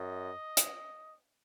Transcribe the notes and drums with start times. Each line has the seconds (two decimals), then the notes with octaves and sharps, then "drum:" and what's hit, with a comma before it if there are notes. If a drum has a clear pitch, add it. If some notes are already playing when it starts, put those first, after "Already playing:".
Already playing: F#2 D#5
0.57 drum: hi-hat